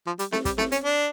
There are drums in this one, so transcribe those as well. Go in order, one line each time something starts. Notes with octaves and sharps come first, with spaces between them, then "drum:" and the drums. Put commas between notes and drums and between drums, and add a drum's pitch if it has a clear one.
F3
G3, drum: hi-hat
A3, drum: snare C4
G3, drum: kick, hi-hat
A3, drum: snare C4
C#4, drum: hi-hat
D4